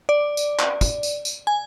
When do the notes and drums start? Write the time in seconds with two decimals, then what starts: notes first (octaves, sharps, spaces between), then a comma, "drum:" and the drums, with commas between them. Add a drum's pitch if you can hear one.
0.09 D5
0.37 drum: tambourine
0.59 drum: clap
0.81 drum: kick, tambourine
1.03 drum: tambourine
1.25 drum: tambourine
1.47 G#5